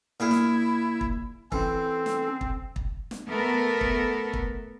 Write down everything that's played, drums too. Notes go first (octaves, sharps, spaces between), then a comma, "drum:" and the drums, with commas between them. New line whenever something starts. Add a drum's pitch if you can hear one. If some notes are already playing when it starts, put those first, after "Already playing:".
A#2 E4 G#4 F5
drum: snare
drum: kick
E3 C4 C#4 A4, drum: kick
drum: snare
drum: kick
drum: kick
drum: snare
A3 B3 A4 A#4
drum: kick
drum: kick